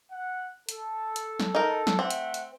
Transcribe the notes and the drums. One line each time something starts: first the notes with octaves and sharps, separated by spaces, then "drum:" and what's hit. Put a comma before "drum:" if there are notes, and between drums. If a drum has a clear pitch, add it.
F#5
A4, drum: hi-hat
drum: hi-hat
drum: snare
D#4 A#4
drum: snare
A3 C4 E5 F#5
drum: hi-hat
drum: hi-hat